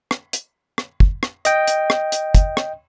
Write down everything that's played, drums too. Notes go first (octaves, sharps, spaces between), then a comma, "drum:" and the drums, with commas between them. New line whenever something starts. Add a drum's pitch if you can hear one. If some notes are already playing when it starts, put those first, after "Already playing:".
drum: rim click
drum: hi-hat
drum: rim click
drum: kick
drum: rim click
D#5 G5, drum: hi-hat
drum: hi-hat
drum: rim click
drum: hi-hat
drum: kick, hi-hat
drum: rim click